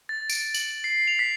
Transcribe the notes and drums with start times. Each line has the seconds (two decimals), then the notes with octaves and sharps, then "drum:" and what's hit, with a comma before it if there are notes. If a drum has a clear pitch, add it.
0.09 A6
0.30 D7, drum: tambourine
0.54 F#7, drum: tambourine
0.84 C7
1.07 F7
1.19 B6